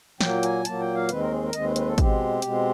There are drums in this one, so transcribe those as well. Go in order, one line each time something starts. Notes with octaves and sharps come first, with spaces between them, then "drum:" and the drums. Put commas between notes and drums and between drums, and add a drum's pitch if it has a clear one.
A#2 F#3 A#3 G5, drum: snare
G#5, drum: hi-hat
A#2 F#3 A#3 A5, drum: hi-hat
G5
F5
D#2 D#3 G#3 C4 B4, drum: hi-hat
A#4
G#4
A#4
D#2 D#3 G#3 C4 D#5, drum: hi-hat
B4
B4, drum: hi-hat
A4
B2 G#3 C4 G4, drum: kick, hi-hat
B2 G#3 C4, drum: hi-hat